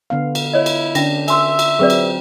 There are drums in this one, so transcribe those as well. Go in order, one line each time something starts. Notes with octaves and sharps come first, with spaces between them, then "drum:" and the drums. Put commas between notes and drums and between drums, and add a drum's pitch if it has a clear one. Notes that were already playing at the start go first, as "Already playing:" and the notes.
D3 B3 F5
drum: cymbal
E4 C#5 D#5
drum: cymbal
D3 C#4 D4 G5 A#6, drum: cymbal
E5 G#5 C6 E6, drum: cymbal
drum: cymbal
F#3 C4 G#4 B4 D5
drum: cymbal